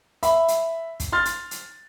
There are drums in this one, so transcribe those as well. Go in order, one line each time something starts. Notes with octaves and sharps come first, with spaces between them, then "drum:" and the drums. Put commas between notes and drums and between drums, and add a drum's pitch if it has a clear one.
E5 B5, drum: hi-hat
drum: hi-hat
drum: kick, hi-hat
C6 F6 A6
drum: hi-hat
drum: hi-hat